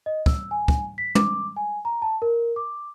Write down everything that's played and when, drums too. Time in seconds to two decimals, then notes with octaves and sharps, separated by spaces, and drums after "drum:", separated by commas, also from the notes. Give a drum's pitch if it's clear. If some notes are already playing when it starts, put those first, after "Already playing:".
0.06 D#5
0.26 E6, drum: kick
0.51 G#5
0.68 drum: kick
0.98 B6
1.15 D6, drum: tom
1.56 G#5
1.85 A#5
2.02 A5
2.22 A#4
2.56 D6